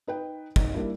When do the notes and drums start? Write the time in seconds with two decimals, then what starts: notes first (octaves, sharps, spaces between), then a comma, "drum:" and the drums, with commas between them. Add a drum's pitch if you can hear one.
0.07 D#4 B4 G5
0.56 D#4, drum: kick
0.74 G3 A#3 D4 E4